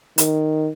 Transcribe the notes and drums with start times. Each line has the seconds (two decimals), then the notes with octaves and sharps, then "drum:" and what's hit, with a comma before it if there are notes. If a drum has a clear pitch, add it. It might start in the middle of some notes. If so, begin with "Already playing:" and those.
0.18 D#3, drum: hi-hat